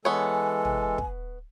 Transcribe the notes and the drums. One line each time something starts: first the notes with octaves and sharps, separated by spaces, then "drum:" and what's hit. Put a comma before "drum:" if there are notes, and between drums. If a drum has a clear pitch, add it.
E3 G#3 B3 A4 C#5 G#5
drum: tom
drum: kick